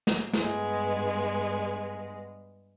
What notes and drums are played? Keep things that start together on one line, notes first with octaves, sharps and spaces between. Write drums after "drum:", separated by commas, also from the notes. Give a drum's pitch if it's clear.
drum: snare
G2 G#3 B3, drum: snare